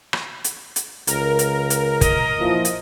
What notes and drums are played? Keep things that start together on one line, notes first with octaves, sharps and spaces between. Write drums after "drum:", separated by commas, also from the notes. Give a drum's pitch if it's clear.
drum: rim click
drum: hi-hat
drum: hi-hat
C#2 A#4, drum: hi-hat
drum: hi-hat
drum: hi-hat
D#5, drum: kick, hi-hat
A#2 E3 F3
drum: hi-hat